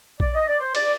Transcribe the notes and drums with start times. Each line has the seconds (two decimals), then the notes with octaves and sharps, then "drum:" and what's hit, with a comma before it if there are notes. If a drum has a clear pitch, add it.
0.20 D5, drum: kick A#1
0.34 D#5
0.47 D5
0.60 C5
0.75 D5, drum: cymbal